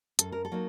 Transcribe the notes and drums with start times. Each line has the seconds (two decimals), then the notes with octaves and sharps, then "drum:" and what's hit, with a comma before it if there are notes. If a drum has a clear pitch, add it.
0.19 F#2 A4, drum: hi-hat
0.32 A#4
0.45 A4
0.52 F#3 A#3 D#4